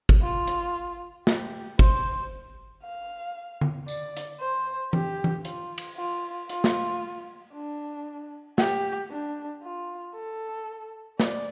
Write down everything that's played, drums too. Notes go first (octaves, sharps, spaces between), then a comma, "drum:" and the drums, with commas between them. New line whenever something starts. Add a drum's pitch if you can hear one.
drum: kick
F4
drum: hi-hat
G4, drum: snare
C5, drum: kick
F5
drum: tom D3
D5, drum: tambourine
drum: hi-hat
C5
G4, drum: tom E3
drum: tom E3
F4, drum: hi-hat
drum: cymbal
F4
F4, drum: hi-hat
drum: snare
D4
G4, drum: snare
D4
F4
A4
D5, drum: snare